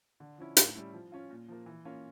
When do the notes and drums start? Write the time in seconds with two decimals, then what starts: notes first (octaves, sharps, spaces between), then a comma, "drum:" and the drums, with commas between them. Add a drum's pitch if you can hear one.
0.20 D3
0.38 F3 C#4 E4
0.57 A2, drum: hi-hat
0.75 G3 C#4 E4
0.93 F3
1.12 C#4 F4
1.31 A#2
1.48 F3 A#3
1.66 E3
1.85 A#3 C#4 F4